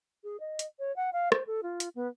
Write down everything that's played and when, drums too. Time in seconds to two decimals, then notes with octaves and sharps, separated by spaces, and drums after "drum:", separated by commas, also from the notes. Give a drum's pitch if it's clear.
0.24 G#4
0.40 D#5
0.59 drum: hi-hat
0.79 C#5
0.96 F#5
1.13 F5
1.32 C5, drum: rim click
1.47 A4
1.63 F4
1.80 drum: hi-hat
1.95 B3